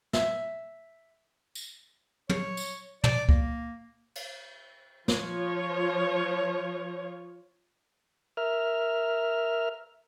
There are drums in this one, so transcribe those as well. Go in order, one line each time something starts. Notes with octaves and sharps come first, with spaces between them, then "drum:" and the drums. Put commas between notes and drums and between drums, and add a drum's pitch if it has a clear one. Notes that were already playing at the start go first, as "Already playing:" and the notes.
E5, drum: snare
drum: tambourine
C#5, drum: tom
drum: tambourine
D5, drum: tom
A#3, drum: kick C#2
drum: cymbal
F3 F4 C#5, drum: snare
A#4 E5 F6